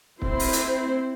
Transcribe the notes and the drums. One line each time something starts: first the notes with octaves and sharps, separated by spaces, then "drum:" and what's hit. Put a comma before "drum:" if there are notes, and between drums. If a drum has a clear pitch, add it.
C4 E4 C5, drum: kick
drum: open hi-hat
drum: hi-hat